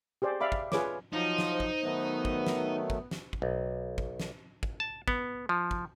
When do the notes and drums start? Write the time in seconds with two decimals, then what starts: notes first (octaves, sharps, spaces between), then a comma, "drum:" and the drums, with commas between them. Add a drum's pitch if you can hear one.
0.22 G4 G#4 C5 D5
0.40 D5 E5 F5 B5 D6
0.52 drum: kick
0.72 F4 G#4 B4 C#5 D6, drum: snare
1.13 F3 F#3 D#4 C5
1.38 drum: snare
1.60 drum: kick
1.83 D#3 F#3 A3 B3
2.25 drum: kick
2.47 drum: snare
2.90 drum: kick
3.11 drum: snare
3.33 drum: kick
3.42 B1
3.98 drum: kick
4.20 drum: snare
4.63 drum: kick
4.80 A5
5.08 B3, drum: kick
5.49 F3
5.71 drum: kick